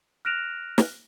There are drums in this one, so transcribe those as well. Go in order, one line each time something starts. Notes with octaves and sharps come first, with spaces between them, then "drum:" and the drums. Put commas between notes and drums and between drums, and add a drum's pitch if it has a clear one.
F6 F#6 A#6 D7 E7 F7
drum: snare